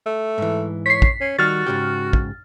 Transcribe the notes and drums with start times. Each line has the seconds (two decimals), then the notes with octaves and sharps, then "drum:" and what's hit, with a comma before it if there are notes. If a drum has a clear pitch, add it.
0.06 A3
0.38 G#2 E3
0.86 C#5 B6 C7
1.02 drum: kick
1.21 C#4
1.39 D#3 G3 F#4 F6 A6
1.66 G#2 C#3 G4
2.13 drum: kick